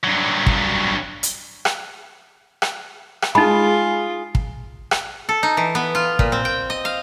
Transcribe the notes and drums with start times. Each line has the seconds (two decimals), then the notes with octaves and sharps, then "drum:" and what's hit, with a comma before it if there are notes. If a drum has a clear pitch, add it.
0.03 G2 F#3
0.47 drum: kick
1.23 drum: hi-hat
1.65 drum: rim click
2.62 drum: rim click
3.22 drum: rim click
3.35 G#3 D#4 F4 G#4 B5
4.35 drum: kick
4.91 drum: rim click
5.29 A4
5.43 D#4
5.57 E3
5.75 B3
5.95 F4
6.19 A#2, drum: kick
6.32 C4
6.45 G5
6.70 D#5
6.85 F5